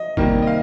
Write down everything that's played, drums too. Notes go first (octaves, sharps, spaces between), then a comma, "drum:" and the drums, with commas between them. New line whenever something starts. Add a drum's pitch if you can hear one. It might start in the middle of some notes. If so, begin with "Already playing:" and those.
Already playing: D#5
C3 D#3 G3 A#3, drum: kick G1
D#5
F5